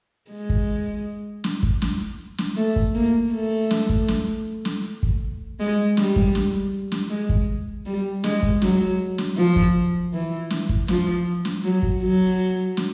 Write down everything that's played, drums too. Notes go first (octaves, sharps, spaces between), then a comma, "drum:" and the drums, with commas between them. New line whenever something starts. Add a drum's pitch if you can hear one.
G#3
drum: kick
drum: snare
drum: kick
drum: snare
drum: snare
A3
drum: kick
A#3
A3
drum: snare
drum: kick
drum: snare
drum: snare
drum: kick
G#3
G3, drum: snare
drum: kick
drum: snare
drum: snare
G#3
drum: kick
G3
G#3, drum: snare
drum: kick
F#3, drum: snare
drum: snare
F3
drum: kick
E3
drum: snare
drum: kick
F3, drum: snare
drum: snare
F#3
drum: kick
F#3
drum: snare